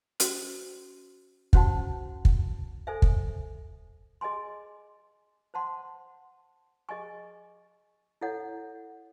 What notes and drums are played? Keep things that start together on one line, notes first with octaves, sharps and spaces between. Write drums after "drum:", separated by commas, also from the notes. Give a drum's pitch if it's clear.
C#4 F#4 C5, drum: hi-hat
C#4 F#4 C5 F#5 A5, drum: kick
drum: kick
A4 C5 E5 G#5
drum: kick
G#4 D#5 G#5 C6
C5 F#5 A5 C6
G#4 D#5 G#5 C#6
E4 A4 C#5 F#5